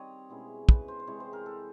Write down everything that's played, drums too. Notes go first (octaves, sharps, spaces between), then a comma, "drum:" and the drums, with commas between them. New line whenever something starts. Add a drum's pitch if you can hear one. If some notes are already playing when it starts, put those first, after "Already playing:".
Already playing: D#3 G3 C4 C#5 D#5
B2 G#3 C#4 E4
B4, drum: kick
C5
C5
C3 E3 G#3 C#5
C5
A#4
A4